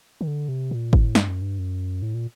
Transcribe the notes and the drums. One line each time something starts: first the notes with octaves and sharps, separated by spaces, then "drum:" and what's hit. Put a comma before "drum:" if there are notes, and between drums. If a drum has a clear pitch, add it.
D#3
D3
C3
A#2
A2, drum: kick G1
G2, drum: snare
F#2
G2
F#2
A2
A#2